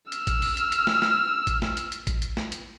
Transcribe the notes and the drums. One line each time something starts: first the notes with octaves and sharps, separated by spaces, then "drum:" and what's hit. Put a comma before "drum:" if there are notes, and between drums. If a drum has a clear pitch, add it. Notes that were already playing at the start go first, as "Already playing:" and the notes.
E6 F6, drum: hi-hat
drum: kick A1, hi-hat
drum: open hi-hat
drum: hi-hat
drum: hi-hat
drum: snare
drum: snare
drum: kick A1, hi-hat
drum: snare
drum: hi-hat
drum: hi-hat
drum: kick A1, hi-hat
drum: hi-hat
drum: snare
drum: hi-hat